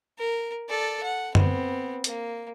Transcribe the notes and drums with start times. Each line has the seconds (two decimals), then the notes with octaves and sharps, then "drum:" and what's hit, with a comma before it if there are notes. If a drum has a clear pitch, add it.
0.18 A#4
0.69 A4 D5
1.03 F#5
1.35 B3 C4, drum: tom F#2
2.04 A#3, drum: hi-hat